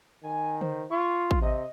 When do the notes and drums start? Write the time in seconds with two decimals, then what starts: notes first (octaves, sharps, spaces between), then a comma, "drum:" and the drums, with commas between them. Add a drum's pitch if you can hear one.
0.23 D#3 G#5
0.61 C5, drum: tom C#3
0.91 F4 C#6
1.31 drum: kick
1.42 C3 D#5